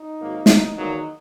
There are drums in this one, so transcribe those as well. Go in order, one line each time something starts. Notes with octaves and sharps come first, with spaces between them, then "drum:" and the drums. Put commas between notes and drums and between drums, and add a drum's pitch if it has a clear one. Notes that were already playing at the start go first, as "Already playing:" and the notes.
Already playing: D#4
G#1 G#2 F#3 A#3
drum: snare
E2 D#3 F#3 A#3 D#4